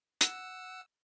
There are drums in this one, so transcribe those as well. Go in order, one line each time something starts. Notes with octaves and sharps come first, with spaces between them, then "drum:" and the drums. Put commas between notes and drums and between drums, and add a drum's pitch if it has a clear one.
F#5 E6, drum: hi-hat